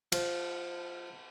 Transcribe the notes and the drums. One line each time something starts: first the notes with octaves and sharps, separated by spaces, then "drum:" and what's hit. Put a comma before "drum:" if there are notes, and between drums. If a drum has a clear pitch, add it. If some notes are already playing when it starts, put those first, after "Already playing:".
F3, drum: cymbal